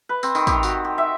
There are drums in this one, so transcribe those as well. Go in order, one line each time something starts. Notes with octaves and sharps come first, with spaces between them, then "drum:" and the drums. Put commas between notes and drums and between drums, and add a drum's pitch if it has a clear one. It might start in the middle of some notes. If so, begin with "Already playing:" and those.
B4
C4, drum: tambourine
D#3, drum: tambourine
G4, drum: kick, tambourine
F#4, drum: tambourine
G4
E5